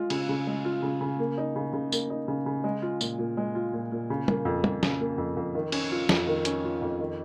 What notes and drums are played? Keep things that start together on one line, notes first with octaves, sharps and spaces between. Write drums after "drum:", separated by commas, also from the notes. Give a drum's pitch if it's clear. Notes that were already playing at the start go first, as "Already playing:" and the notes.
Already playing: G#3 F4
C#3, drum: cymbal
C#3
G#3
F4
C#3
C#3
A#3
D#4
C#3
C#3
A#3, drum: tambourine
D#4
C#3
C#3
G#3
F4
A#2, drum: tambourine
A#2
G#3
F4
A#2
A#2
C#3
A#3, drum: tom
F2
F2, drum: tom
C#3, drum: snare
A#3
F2
F2
D#3
C#4, drum: cymbal
F4
F2, drum: snare
D#3
C#4, drum: hi-hat
F4
F2
D#3